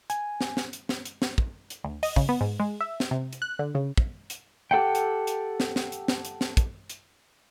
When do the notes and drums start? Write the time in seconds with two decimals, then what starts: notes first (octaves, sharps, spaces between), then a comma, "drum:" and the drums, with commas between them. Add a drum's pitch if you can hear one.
0.10 G#5, drum: hi-hat
0.41 drum: snare
0.57 drum: snare
0.73 drum: hi-hat
0.89 drum: snare
1.05 drum: hi-hat
1.22 drum: snare
1.38 drum: kick
1.70 drum: hi-hat
1.84 D2
2.03 D#5, drum: open hi-hat
2.16 C#3, drum: kick
2.29 B3
2.41 G#2
2.60 G#3
2.81 E5
3.00 drum: snare
3.11 C3
3.33 drum: hi-hat
3.42 F#6
3.59 D3
3.75 C#3
3.97 drum: kick
4.30 drum: hi-hat
4.71 G4 A4 F#5 G5
4.95 drum: hi-hat
5.27 drum: hi-hat
5.60 drum: snare
5.76 drum: snare
5.92 drum: hi-hat
6.08 drum: snare
6.25 drum: hi-hat
6.41 drum: snare
6.57 drum: kick, hi-hat
6.89 drum: hi-hat